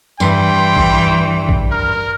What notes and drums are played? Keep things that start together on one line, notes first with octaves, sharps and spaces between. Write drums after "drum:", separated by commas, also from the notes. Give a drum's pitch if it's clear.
G2 E3 G5 C6, drum: tambourine
drum: kick
drum: kick
A#4 F6